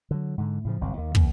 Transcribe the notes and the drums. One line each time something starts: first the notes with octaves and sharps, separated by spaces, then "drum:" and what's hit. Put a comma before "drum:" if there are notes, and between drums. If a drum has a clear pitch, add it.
D3 F#3
G#2 D3
A2 C#3 F3
G1 C2 F#2
D#2 D#3
E2 C#3 A#3, drum: kick